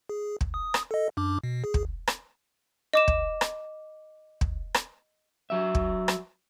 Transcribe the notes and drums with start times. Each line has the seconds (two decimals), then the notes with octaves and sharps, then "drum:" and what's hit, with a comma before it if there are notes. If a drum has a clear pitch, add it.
0.09 G#4
0.41 drum: kick
0.54 D#6
0.74 drum: rim click
0.91 A4 D#5
1.17 F#2 D4 D6
1.43 B2
1.64 G#4
1.74 drum: kick
2.07 drum: rim click
2.93 D#5 D6 E7
3.08 drum: kick
3.41 drum: rim click
4.41 drum: kick
4.74 drum: rim click
5.50 F#3 E5
5.75 drum: kick
6.08 drum: rim click